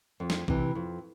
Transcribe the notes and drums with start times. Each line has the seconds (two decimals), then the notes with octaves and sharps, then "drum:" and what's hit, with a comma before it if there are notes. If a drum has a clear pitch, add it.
0.20 F2
0.30 drum: snare
0.48 C3 E3, drum: kick A#1
0.75 F2